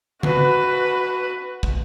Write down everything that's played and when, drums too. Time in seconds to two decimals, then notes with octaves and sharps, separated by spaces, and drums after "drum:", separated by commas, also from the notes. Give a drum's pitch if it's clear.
0.23 F#4 B4, drum: tom C#3
1.63 drum: kick